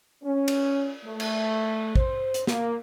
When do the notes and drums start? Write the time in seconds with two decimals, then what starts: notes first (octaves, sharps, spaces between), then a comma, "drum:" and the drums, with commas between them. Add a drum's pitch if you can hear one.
0.23 C#4
0.48 drum: cymbal
1.04 A3
1.20 drum: cymbal
1.96 C5, drum: kick
2.34 drum: hi-hat
2.47 A#3, drum: snare